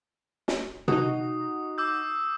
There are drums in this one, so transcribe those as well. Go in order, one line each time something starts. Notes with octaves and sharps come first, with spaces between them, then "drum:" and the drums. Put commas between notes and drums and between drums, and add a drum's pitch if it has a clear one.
drum: snare
D#4 F#4 D#6, drum: tom C3
D6 E6 G6